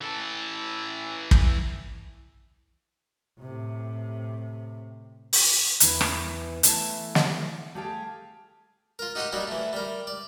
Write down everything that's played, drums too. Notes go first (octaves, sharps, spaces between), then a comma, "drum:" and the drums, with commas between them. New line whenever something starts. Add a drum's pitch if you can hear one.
E3 A4
drum: kick
A2 C3
drum: open hi-hat
E2 E3 E4 B4, drum: hi-hat
drum: rim click
E3 A3 E4 A5, drum: hi-hat
drum: snare
A3 G4 G#4 F5 G5 A5
F4 A#4
D#4 F#4 G4 D#5 F#5 C6
F#3 G3 A#3 D#4 F#4
E3 A3
G3 A#4
D5